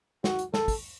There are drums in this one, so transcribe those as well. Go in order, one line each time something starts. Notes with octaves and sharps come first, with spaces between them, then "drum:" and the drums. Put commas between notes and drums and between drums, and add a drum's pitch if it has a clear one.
F#4, drum: snare
drum: hi-hat
A4, drum: snare
drum: kick, open hi-hat